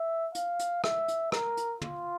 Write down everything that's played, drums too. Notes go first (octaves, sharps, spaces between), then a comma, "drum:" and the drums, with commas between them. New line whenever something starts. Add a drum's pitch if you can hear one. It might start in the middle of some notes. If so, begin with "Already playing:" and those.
Already playing: E5
F5, drum: hi-hat
drum: hi-hat
E5, drum: rim click
drum: hi-hat
A#4, drum: rim click
drum: hi-hat
F4, drum: tom